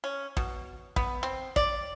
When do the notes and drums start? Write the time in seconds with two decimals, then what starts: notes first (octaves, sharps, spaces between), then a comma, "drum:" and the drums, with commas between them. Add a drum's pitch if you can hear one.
0.04 C#4
0.37 B2, drum: kick
0.96 B3, drum: kick
1.23 C4
1.56 D5, drum: kick